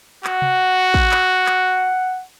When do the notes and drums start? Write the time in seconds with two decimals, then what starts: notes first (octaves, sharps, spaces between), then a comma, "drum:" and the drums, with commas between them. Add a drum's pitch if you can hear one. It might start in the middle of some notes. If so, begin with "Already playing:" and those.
0.24 F#4 F#5, drum: clap
0.42 drum: tom C3
0.94 drum: kick
1.11 drum: clap
1.46 drum: clap